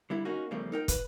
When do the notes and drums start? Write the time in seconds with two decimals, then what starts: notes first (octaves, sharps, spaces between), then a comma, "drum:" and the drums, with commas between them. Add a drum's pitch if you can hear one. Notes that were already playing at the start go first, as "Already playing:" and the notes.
0.10 D3 G3 E4
0.25 A#3 C#4 D#4 F#4
0.51 E2 C#3 F3 G3 A3 A#3
0.72 D#4 A#4 G5
0.88 B4, drum: kick, hi-hat